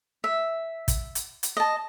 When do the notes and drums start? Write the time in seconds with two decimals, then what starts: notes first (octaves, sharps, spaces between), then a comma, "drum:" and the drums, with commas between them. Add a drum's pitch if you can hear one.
0.24 E5
0.88 drum: kick, hi-hat
1.15 drum: hi-hat
1.43 drum: hi-hat
1.57 D#5 A5